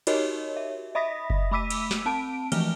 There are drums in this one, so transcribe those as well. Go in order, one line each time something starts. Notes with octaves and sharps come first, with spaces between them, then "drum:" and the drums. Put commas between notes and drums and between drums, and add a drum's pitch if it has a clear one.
D#4 F#4 G4 A#4 C#5 D#5, drum: cymbal
E5
D#5 E5 B5 D#6 A#6 B6
drum: kick F#1
A3 B5 D6 E6 B6 D#7
drum: cymbal
drum: snare
C4 A5 D7
E3 F3 G#3 A3 F6 G7, drum: cymbal